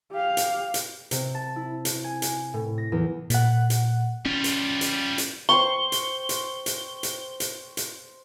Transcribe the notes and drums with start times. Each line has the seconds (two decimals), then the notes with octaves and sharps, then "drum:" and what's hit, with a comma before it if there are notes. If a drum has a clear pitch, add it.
0.12 G4 F5
0.37 drum: hi-hat
0.74 drum: hi-hat
1.11 C3, drum: hi-hat
1.35 A5
1.56 E4
1.85 drum: hi-hat
2.04 G#5
2.22 drum: hi-hat
2.54 A2
2.78 A#6
2.92 E2
3.30 A#2 F#5, drum: hi-hat
3.70 drum: hi-hat
4.25 G3 C#4 F4
4.44 drum: hi-hat
4.81 drum: hi-hat
5.18 drum: hi-hat
5.49 C5 G5 C#6 G7
5.92 drum: hi-hat
6.29 drum: hi-hat
6.66 drum: hi-hat
7.03 drum: hi-hat
7.40 drum: hi-hat
7.77 drum: hi-hat